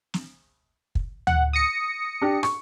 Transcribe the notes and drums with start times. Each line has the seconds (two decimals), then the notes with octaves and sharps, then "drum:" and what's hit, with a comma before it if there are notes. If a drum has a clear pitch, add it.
0.14 drum: snare
0.95 drum: kick
1.27 F#5, drum: tom D2
1.53 D#6 A#6 C#7
2.22 D4 G4
2.43 C#6, drum: rim click